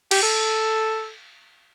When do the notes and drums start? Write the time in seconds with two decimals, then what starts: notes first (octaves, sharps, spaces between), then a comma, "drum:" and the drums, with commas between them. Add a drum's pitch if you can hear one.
0.11 G4, drum: cymbal
0.23 A4